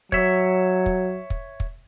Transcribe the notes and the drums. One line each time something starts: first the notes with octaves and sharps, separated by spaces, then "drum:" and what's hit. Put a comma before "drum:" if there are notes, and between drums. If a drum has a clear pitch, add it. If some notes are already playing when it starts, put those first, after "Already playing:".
F#3 C#5 E5, drum: kick
drum: kick
drum: kick
drum: kick